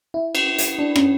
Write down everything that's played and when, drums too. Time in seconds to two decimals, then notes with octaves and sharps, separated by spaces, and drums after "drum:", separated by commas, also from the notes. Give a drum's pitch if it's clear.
0.14 E4
0.35 drum: cymbal
0.58 drum: hi-hat
0.79 D4
0.96 C#4, drum: rim click